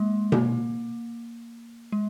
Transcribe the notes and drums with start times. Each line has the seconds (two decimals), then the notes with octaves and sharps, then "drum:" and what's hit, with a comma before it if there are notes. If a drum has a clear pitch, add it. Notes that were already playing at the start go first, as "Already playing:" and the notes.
Already playing: G#3 A#3
0.32 A#3, drum: tom B2
1.92 G#3